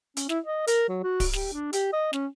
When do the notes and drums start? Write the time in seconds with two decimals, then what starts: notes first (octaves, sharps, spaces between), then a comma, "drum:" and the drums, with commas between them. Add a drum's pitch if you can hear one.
0.17 C#4, drum: hi-hat
0.29 E4, drum: snare
0.46 D#5
0.67 A#4, drum: hi-hat
0.89 F#3
1.04 F#4
1.20 drum: kick D1, open hi-hat
1.33 G4, drum: snare
1.53 D4
1.73 G4, drum: hi-hat
1.93 D#5
2.13 C#4, drum: snare